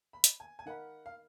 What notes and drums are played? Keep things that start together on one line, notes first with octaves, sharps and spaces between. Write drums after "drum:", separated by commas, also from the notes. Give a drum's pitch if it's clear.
B5
drum: hi-hat
G#5
G#5
D#4 A#4 F5 F#5 B5
F5